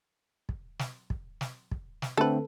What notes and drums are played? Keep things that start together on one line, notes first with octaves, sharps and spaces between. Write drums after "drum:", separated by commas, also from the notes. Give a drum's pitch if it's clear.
drum: kick
drum: snare
drum: kick
drum: snare
drum: kick
drum: snare
D3 A3 C4 A4 B4